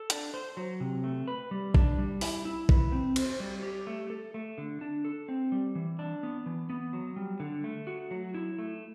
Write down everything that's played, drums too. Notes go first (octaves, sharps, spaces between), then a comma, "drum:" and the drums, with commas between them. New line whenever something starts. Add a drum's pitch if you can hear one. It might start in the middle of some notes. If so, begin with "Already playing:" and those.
Already playing: A4
D4, drum: hi-hat
C5
F#3
C3
A3
B4
G3
D4, drum: kick
G3
E4, drum: open hi-hat
E4
B4, drum: kick
C4
C5, drum: cymbal
G3
G4
A3
A4
A3
D3
D4
A4
C4
G3
E3
D4
B3
E3
B3
F#3
G3
D3
A3
F#4
F#3
E4
A3